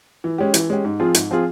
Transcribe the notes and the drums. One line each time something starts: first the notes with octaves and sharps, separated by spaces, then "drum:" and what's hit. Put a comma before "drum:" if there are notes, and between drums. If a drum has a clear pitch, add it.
E3
G#3 C#4 G4
E3, drum: hi-hat
G#3 C#4 G4
G#2
F3 C4 F4 G#4
G#2, drum: hi-hat
F3 C4 F4 G#4